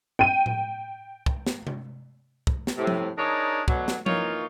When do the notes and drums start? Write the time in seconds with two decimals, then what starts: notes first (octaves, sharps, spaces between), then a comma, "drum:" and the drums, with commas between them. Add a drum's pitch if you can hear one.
0.19 G5 D#7
0.46 drum: tom A2
1.26 drum: kick
1.47 drum: snare
1.67 drum: tom C3
2.47 drum: kick
2.67 drum: snare
2.77 A2 C3
2.87 drum: tom F3
3.18 D4 D#4 G#4 A#4 C#5 D5
3.68 B2 D3 F#3, drum: kick
3.88 drum: snare
4.06 E3 A#3 D#4 F4 C#5, drum: tom F3